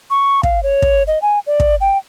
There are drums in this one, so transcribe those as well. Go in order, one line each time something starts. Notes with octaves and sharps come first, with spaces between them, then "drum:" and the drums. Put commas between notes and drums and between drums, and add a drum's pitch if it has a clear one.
C#6
F5, drum: kick
C#5
drum: kick
D#5
G#5
D5
drum: kick
G5